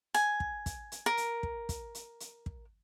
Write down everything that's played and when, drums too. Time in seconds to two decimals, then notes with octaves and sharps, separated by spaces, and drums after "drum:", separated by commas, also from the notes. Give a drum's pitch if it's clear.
0.14 G#5, drum: hi-hat
0.40 drum: kick
0.66 drum: kick, hi-hat
0.92 drum: hi-hat
1.06 A#4
1.17 drum: hi-hat
1.43 drum: kick
1.69 drum: kick, hi-hat
1.95 drum: hi-hat
2.20 drum: hi-hat
2.46 drum: kick